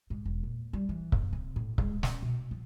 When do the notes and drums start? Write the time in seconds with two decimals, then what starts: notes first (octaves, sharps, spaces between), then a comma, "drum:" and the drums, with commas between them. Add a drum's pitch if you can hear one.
0.10 G#2
0.25 E1
0.43 A#2
0.73 G3
0.89 E3
1.12 F#1, drum: kick C#1
1.33 C3
1.56 A2
1.78 G#3, drum: kick C#1
2.03 C#4, drum: snare
2.22 B2
2.51 F3